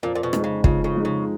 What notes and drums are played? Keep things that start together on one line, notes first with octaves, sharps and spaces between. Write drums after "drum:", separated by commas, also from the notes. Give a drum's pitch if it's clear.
F2 A#2
A#2
B2
F3 G#3 D#4, drum: rim click
C#3
F2 C#3, drum: kick
C#3
F3 G#3 D#4
C#3